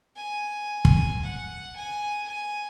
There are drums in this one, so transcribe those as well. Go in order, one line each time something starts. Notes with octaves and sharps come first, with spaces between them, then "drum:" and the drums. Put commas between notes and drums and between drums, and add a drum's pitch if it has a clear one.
G#5
drum: kick
F#5
G#5
G#5